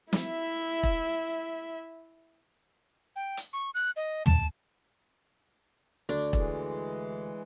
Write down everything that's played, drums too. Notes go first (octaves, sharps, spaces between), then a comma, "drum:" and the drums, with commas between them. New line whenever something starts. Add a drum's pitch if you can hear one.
E4 E5, drum: snare
drum: kick E1
G5
drum: hi-hat
C#6
F#6
D#5
A5, drum: tom
D2 D4
E3 G#3, drum: kick E1